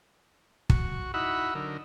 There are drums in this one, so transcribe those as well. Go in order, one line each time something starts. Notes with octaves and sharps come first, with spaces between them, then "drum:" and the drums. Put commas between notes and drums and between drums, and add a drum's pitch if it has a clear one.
F#4 C#6, drum: kick
D#4 E4 F#4 F#5 B5 E6
D3 F#3 D#4 A#4